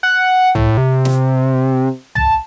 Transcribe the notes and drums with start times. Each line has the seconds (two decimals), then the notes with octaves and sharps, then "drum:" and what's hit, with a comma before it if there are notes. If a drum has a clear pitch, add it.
0.03 F#5
0.55 A2, drum: tom
0.77 C3
1.05 drum: snare
2.15 A5, drum: tom